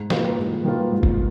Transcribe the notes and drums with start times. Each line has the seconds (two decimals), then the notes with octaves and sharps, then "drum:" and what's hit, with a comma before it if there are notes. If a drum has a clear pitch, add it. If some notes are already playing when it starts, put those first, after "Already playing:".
Already playing: G#2
0.10 D#3 A#3 F4 B4, drum: snare
0.38 G#2
0.65 D#3 A#3 F4 B4
0.92 G#2
1.03 drum: kick